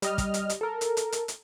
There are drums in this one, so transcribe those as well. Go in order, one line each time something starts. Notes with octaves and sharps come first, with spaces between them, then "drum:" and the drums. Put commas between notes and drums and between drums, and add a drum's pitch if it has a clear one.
G3 D#5 F6, drum: hi-hat
drum: kick, hi-hat
drum: hi-hat
drum: hi-hat
A4 A#4
drum: hi-hat
drum: hi-hat
drum: hi-hat
drum: hi-hat